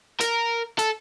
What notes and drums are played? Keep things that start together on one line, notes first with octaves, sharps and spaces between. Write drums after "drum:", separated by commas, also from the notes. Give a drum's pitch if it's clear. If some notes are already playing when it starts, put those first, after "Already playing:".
A#4, drum: hi-hat
A4, drum: hi-hat